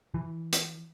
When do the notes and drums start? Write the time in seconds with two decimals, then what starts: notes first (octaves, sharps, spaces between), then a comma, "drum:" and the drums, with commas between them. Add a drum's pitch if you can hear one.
0.14 E3
0.53 drum: hi-hat